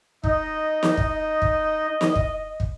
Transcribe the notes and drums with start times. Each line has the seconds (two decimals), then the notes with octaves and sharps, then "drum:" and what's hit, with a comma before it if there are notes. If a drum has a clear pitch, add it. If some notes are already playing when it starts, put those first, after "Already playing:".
0.24 D#4 D#5, drum: kick
0.83 drum: snare
0.97 drum: kick
1.42 drum: kick
2.01 drum: snare
2.15 drum: kick
2.60 drum: kick